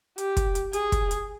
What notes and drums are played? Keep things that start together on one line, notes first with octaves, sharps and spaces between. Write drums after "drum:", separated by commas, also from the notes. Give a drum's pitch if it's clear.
G4, drum: hi-hat
drum: kick, hi-hat
drum: hi-hat
G#4, drum: hi-hat
drum: kick, hi-hat
drum: hi-hat